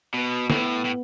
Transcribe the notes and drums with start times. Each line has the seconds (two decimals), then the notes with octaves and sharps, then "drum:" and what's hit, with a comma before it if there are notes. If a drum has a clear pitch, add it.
0.14 B2 B3
0.50 A2 B3, drum: snare
0.85 A2